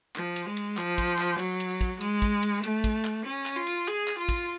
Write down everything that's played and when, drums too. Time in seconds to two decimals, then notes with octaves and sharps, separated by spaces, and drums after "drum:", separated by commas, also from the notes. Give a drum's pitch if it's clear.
0.16 F3, drum: clap
0.36 drum: cymbal
0.47 G#3
0.57 drum: cymbal
0.77 F3, drum: clap
0.98 drum: kick, cymbal
1.19 drum: clap
1.39 F#3, drum: cymbal
1.60 drum: cymbal
1.81 drum: kick, cymbal
2.01 G#3, drum: cymbal
2.22 drum: kick, cymbal
2.43 drum: cymbal
2.63 A3, drum: cymbal
2.84 drum: kick, cymbal
3.05 drum: clap
3.26 C#4
3.46 drum: clap
3.56 F4
3.67 drum: cymbal
3.87 G#4, drum: cymbal
4.08 drum: clap
4.18 F4
4.29 drum: kick, cymbal